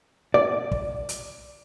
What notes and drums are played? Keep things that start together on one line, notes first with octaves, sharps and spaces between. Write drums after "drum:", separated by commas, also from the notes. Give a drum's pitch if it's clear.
D5
drum: kick
drum: hi-hat